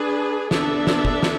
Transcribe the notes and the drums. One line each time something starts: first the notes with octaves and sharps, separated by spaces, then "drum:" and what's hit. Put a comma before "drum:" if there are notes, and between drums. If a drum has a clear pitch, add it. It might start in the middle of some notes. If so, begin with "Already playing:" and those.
Already playing: D4 G#4 B4
B3 D4 A4 E5, drum: snare
drum: snare
drum: kick
drum: snare